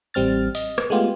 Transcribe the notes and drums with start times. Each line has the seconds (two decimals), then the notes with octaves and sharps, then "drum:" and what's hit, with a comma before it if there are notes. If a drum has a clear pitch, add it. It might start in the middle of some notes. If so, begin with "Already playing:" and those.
0.14 A1 G3 C4 F6 A6
0.55 D#5, drum: open hi-hat
0.78 drum: rim click
0.90 G#3 A3 B3 F4 G4